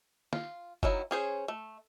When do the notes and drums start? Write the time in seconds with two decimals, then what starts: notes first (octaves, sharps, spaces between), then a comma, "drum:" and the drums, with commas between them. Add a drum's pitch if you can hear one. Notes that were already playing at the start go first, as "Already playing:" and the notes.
0.33 F4, drum: snare
0.83 D#3 F#3 E4, drum: kick F#1
1.11 C#4 G#4 C5
1.48 A3